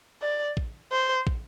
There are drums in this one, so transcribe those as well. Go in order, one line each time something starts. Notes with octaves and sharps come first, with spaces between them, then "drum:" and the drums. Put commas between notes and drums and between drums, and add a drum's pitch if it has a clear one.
D5
drum: kick
C5
drum: kick